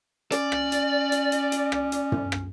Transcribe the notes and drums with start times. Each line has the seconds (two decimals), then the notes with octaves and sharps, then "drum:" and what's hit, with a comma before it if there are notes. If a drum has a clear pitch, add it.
0.32 C#4 D5, drum: hi-hat
0.52 drum: rim click
0.72 drum: hi-hat
1.12 drum: hi-hat
1.32 drum: hi-hat
1.52 drum: hi-hat
1.72 drum: rim click
1.92 drum: hi-hat
2.12 drum: tom
2.32 drum: rim click